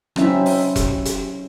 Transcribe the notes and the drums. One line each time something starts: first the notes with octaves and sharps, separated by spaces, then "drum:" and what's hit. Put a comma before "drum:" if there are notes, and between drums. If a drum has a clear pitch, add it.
F#3 C4 C#4 D#4 E4 E5, drum: rim click
drum: open hi-hat
drum: kick E1, hi-hat
drum: hi-hat